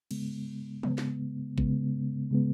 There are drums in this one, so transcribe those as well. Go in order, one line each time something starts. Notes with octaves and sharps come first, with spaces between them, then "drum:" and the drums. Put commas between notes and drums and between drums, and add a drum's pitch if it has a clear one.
C#3 G#3 B3, drum: cymbal
C#3 G#3 B3, drum: tom
drum: snare
C#3 G#3 B3, drum: kick A1
C#3 G#3 B3